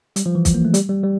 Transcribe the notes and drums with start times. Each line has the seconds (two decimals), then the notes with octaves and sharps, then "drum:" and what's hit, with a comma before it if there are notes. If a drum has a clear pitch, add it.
0.16 G3, drum: hi-hat
0.26 F3
0.35 E3
0.45 drum: kick, hi-hat
0.54 A#3
0.65 A3
0.74 G3, drum: hi-hat
0.89 G3
1.03 G3